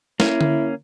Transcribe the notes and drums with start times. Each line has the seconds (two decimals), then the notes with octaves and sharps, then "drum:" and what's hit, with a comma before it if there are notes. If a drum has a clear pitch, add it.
0.20 A#3 C#4 E4, drum: snare
0.41 drum: tom D3